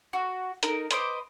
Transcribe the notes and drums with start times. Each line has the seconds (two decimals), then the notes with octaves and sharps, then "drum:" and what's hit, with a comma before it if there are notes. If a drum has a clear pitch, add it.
0.13 F#4
0.63 D#4 A#4, drum: hi-hat
0.91 B4 C5 D#5 D6, drum: hi-hat